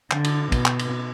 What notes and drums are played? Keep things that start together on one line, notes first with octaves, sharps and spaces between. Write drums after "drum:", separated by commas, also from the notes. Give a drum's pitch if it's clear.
D3, drum: clap
drum: cymbal
B2, drum: kick, cymbal
drum: clap
drum: cymbal